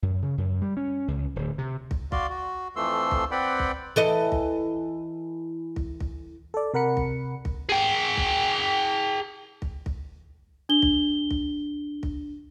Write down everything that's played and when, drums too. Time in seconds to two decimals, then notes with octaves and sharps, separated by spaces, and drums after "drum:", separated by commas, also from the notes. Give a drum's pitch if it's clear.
0.02 F#2
0.22 C#3
0.38 F#2
0.62 G3
0.77 C#4
1.08 C#2
1.36 D1
1.58 C3
1.91 drum: kick
2.12 F#4 D5 F5 C6, drum: kick
2.30 F#4
2.76 F2 E3 F3 A3 C6 E6
3.11 drum: kick
3.31 C4 B4 D5 F#5 G5 B5
3.59 drum: kick
3.96 E3 A4 D#5
4.32 drum: kick
5.76 drum: kick
6.00 drum: kick
6.54 A4 D5
6.74 C3 A#4 F#5 B5 C#7
6.97 drum: kick
7.45 drum: kick
7.69 G#4 G5
8.17 drum: kick
9.62 drum: kick
9.86 drum: kick
10.69 D4 G7
10.82 drum: kick
11.31 drum: kick
12.03 drum: kick